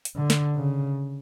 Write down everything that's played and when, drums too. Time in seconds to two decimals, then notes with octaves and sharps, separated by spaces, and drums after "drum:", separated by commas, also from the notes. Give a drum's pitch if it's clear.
0.05 drum: hi-hat
0.17 D3
0.30 drum: snare
0.56 C#3